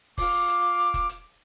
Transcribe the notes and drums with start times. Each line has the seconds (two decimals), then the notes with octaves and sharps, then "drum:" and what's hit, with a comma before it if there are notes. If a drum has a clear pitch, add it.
0.18 F4 D6, drum: kick, open hi-hat
0.48 drum: hi-hat
0.94 drum: kick, hi-hat
1.09 drum: hi-hat